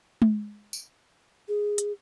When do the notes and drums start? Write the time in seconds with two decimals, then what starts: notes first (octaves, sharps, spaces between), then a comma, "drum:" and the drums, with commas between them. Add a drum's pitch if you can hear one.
0.22 drum: tom G#3
0.73 drum: tambourine
1.48 G#4
1.78 drum: hi-hat